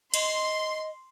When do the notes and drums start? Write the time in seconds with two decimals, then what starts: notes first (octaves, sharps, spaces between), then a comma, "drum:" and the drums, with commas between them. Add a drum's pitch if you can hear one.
0.14 D#5 C6, drum: cymbal